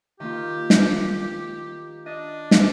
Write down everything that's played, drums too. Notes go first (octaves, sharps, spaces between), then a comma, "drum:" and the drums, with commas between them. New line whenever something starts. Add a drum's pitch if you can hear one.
D#3 A#3 F4 G4
drum: snare
D4 D#5
drum: snare